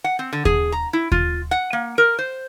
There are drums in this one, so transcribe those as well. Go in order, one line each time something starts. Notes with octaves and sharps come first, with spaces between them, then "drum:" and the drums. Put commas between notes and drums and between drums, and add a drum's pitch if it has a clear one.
F#5
C4
D3
G#4, drum: kick D#2
A#5
E4
F4, drum: kick D#2
F#5
A#3
A#4
C5